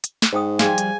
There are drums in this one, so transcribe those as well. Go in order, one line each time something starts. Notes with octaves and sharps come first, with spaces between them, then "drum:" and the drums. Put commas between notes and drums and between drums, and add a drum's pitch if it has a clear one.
drum: hi-hat
drum: snare
G#2 C5 G5 D#6
F3 G3 F4 G#4 F5 G#5, drum: snare
drum: hi-hat